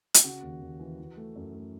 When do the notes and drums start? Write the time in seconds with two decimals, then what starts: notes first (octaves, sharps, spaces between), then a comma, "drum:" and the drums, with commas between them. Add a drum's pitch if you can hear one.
0.14 drum: hi-hat
0.24 C#3 F#4
0.43 D#2
0.62 D#2
0.80 E3
0.99 E3
1.17 A3
1.36 F#2
1.54 A3